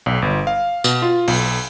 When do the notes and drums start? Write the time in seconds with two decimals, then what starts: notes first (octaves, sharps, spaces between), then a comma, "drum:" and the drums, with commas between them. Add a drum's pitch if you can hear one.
0.06 B1
0.22 G1
0.47 F5
0.84 B2, drum: tambourine
1.02 F4
1.28 B1, drum: open hi-hat